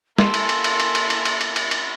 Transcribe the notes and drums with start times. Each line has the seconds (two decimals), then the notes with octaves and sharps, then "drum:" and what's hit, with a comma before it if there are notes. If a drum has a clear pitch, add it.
0.19 A#3 E4 A4 G#5 C6, drum: snare
0.34 drum: cymbal
0.49 drum: cymbal
0.64 drum: cymbal
0.80 drum: cymbal
0.95 drum: cymbal
1.10 drum: cymbal
1.25 drum: cymbal
1.41 drum: cymbal
1.56 drum: cymbal
1.71 drum: cymbal